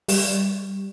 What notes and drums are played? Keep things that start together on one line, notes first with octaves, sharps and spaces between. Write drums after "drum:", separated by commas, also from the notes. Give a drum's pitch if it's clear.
G3, drum: open hi-hat